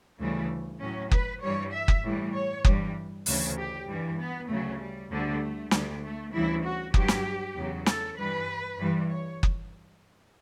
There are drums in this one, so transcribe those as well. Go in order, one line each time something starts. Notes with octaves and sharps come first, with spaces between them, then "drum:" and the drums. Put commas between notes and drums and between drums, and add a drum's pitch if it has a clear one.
D2 C#3 E3 G3 A3
A2 F#3 C#4
B4, drum: kick F#1
G2 E3 G3 C#5
E5
drum: kick F#1
A2 E3 G3
C#5
G2 E3 G3, drum: kick F#1
D2 C#3 E3, drum: open hi-hat
G4
G2 E3 G3
B3
D2 C#3 F#3 A3
G3
D2 D3 G3 A3
D2 D3 G3, drum: snare
A3
D2 C#3 E3 G3 E4
F#4
G2 F#3 G4, drum: kick F#1
drum: snare
E2 C#3 F#3
A4, drum: snare
G2 E3 G3 B4
G2 E3 G3
C#5
drum: kick F#1